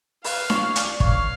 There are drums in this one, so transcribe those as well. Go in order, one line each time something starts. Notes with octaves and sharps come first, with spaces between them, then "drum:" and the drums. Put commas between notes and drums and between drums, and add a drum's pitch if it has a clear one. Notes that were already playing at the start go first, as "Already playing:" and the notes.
B4 F5, drum: open hi-hat
C#5, drum: snare D4
D5, drum: hi-hat
C#5 F5, drum: kick